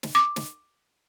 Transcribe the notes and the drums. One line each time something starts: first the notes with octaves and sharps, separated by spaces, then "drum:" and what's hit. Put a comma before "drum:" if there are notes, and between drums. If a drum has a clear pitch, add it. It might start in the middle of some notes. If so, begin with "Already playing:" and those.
drum: snare
D6
drum: snare